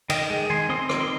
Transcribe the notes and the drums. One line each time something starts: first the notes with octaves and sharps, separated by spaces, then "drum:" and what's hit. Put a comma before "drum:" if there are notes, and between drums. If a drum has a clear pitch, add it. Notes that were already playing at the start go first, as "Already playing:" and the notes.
D#3 D#5 G5, drum: cymbal
G#3
D#3 G#5 C6
C4 C6 D#6
D#3 D6, drum: rim click
C6